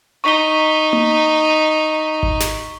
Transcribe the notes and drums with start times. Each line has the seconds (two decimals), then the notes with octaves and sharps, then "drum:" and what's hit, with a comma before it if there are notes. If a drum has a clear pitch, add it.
0.24 D#4 C#6 B6 G7
0.93 drum: tom A#3
2.23 drum: kick G#1
2.41 drum: snare